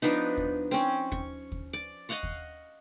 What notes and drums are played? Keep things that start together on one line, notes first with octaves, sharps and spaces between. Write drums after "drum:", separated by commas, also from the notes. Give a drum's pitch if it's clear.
F3 B3 D4 D#4
drum: kick
C4 C#4
C#6, drum: kick
drum: kick
D5
D#5 F5 F#5 C#6
drum: kick